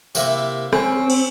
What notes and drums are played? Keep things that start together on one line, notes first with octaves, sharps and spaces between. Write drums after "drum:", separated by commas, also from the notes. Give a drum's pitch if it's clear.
C3 A#3 E4, drum: tambourine
C4 C#4, drum: rim click
drum: cymbal